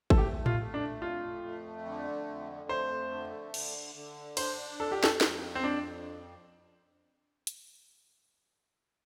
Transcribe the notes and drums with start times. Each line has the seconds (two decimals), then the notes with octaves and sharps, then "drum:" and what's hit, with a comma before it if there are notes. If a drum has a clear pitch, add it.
0.10 A4, drum: kick G#1
0.17 A3 G4
0.46 F4, drum: tom A2
0.60 A3
0.74 D4
1.02 F2 F4
1.44 A3
1.85 D3
2.28 F2
2.69 A3 C5
3.11 D3
3.54 D3, drum: cymbal
3.95 D3
4.37 D4 C5, drum: cymbal
4.79 F2 A4
4.92 G4
5.04 A4, drum: snare
5.21 F2, drum: snare
5.55 C4
5.64 F2 D4
7.47 drum: hi-hat